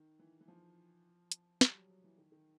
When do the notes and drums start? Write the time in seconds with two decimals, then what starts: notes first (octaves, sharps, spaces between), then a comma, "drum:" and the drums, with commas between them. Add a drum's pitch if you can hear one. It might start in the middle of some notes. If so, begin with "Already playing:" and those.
Already playing: D#3
0.19 E3
0.41 E3
0.48 F3
1.32 drum: hi-hat
1.61 G3, drum: snare
1.75 F#3
1.89 F#3
2.04 E3
2.18 D#3
2.32 D#3